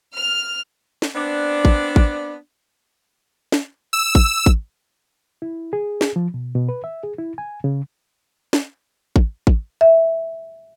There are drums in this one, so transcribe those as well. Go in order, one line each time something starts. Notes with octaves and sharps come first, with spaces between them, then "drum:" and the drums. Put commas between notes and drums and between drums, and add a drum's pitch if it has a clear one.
F6
drum: snare
B3 C4 D4
drum: kick A1
drum: kick A1
drum: snare
E6
drum: kick A1
drum: kick A1
E4
G#4
G#4, drum: snare
F3
B2
B2
B4
E5
G#4
E4
G#5
C#3
drum: snare
drum: kick A1
drum: kick A1
E5